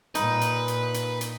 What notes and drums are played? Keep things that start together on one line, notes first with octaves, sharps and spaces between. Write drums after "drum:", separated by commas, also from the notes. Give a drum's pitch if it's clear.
A#2 D#4 B4, drum: hi-hat
drum: hi-hat
drum: hi-hat
drum: hi-hat
drum: hi-hat